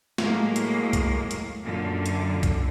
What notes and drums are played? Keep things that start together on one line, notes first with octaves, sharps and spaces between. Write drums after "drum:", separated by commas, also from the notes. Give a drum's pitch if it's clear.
A2 F#3 G#3 A#3, drum: snare
drum: hi-hat
drum: kick, hi-hat
drum: hi-hat
F#2 A#2 D3
drum: hi-hat
drum: kick, hi-hat